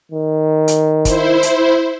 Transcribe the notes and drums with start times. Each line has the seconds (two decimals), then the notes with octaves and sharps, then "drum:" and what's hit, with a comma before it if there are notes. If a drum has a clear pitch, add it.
0.12 D#3
0.68 drum: hi-hat
1.05 E4 C5, drum: kick, hi-hat
1.43 drum: hi-hat